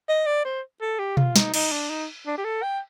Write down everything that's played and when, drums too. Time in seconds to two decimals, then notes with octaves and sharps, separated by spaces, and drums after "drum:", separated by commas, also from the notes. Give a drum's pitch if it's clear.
0.09 D#5
0.26 D5
0.45 C5
0.81 A4
0.99 G4
1.17 F4, drum: tom B2
1.36 D#4, drum: snare
1.54 D#4, drum: cymbal
1.72 D4
1.90 D#4
2.26 D4
2.37 G4
2.44 A4
2.63 G5